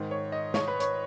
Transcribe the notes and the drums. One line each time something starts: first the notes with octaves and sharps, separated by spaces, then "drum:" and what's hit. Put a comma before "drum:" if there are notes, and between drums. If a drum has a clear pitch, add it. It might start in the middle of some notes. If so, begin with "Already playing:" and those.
Already playing: G#2 D#3
C#5
D#5
C#5, drum: snare
B4
C#5, drum: hi-hat